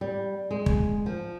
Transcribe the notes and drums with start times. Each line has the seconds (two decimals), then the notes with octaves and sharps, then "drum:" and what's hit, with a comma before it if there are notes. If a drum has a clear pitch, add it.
0.01 G3
0.51 G#3
0.66 drum: kick
1.06 F3